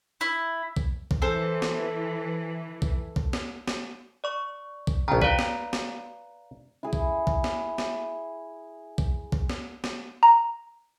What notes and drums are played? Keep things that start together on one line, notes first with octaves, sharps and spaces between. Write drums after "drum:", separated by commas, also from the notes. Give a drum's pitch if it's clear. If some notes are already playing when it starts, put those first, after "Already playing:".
E4
drum: kick B1
drum: kick B1
E3 A4 C5
drum: snare
drum: kick B1
drum: kick B1
drum: snare
drum: snare
D5 C#6
drum: kick B1
A#1 C#3 G5 A5 A#5
B4 D5 F5 G5 A#5, drum: kick B1
drum: snare
drum: snare
E4 G#4
drum: kick B1
drum: kick B1
drum: snare
drum: snare
drum: kick B1
drum: kick B1
drum: snare
drum: snare
A#5